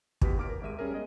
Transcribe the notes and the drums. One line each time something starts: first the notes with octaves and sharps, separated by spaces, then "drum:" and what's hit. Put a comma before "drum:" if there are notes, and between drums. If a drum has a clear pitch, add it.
E2 B2 G4 B4 B6, drum: kick
D#2 D#4 D6 F6 D7
A#4
G#1 G#3 E5 D#7
G3 C#4 G#4 A#4
G#3 B3 G#4 D#5